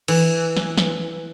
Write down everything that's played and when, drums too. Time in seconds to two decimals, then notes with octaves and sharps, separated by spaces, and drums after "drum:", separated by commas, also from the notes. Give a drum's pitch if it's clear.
0.08 E3, drum: cymbal
0.57 drum: snare
0.78 drum: snare